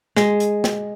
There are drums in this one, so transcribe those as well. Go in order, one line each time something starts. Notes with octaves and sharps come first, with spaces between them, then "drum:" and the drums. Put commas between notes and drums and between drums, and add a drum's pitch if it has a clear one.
G#3, drum: snare
drum: hi-hat
drum: snare